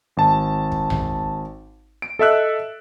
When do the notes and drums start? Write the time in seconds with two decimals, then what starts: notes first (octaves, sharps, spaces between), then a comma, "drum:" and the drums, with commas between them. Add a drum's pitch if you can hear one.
0.17 G#1 A5
0.72 drum: kick
0.90 drum: tom A#1
2.02 D7
2.19 A4 D#5 E5 E6 F#6